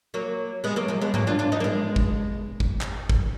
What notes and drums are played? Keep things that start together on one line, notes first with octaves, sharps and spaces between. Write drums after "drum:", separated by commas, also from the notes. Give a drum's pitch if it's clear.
F#3 A#3
G#3 B3
F#3 A#3
F3 G#3
G#3 B3
F#3 A#3, drum: tom G#2
D4 F4
D4 F4
B3 D#4
A#3, drum: tom F3
G#3 B3
drum: kick
drum: kick
drum: clap
drum: kick